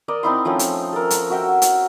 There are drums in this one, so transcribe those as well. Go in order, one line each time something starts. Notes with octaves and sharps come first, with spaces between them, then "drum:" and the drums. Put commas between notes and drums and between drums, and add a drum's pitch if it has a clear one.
A#4 D5 D#5
C4 D#4 E4 C6
F3 A3 C4 C#4
drum: hi-hat
A4 A#4
drum: hi-hat
F#4 E5 G5
drum: hi-hat